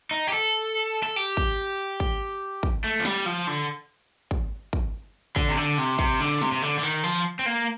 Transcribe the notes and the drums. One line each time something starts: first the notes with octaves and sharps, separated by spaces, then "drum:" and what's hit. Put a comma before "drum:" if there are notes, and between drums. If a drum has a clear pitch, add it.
D#4
G4
A4
A4
G4
drum: kick
drum: kick
drum: kick
A3
F3
G3, drum: snare
F3
D3
drum: kick
drum: kick
D3, drum: kick
C3
D3
C3
C3, drum: kick
D3
C3, drum: snare
C3
D3
D3
D#3
F3
C4
A#3